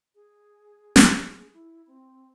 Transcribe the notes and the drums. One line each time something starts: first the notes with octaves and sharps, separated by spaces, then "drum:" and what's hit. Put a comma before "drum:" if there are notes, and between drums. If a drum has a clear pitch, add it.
G#4
drum: snare
E4
C4